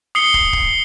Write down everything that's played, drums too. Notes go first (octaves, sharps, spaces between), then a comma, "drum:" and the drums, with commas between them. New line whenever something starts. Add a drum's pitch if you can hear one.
D#6 C7 C#7 G7
drum: kick
drum: kick